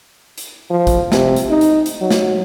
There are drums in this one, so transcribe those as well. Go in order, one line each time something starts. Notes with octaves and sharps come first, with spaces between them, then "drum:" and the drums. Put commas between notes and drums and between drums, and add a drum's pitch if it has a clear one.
drum: hi-hat
F3
drum: kick A1, hi-hat
C3, drum: snare
drum: hi-hat
D#4
drum: hi-hat
drum: hi-hat
F#3
drum: snare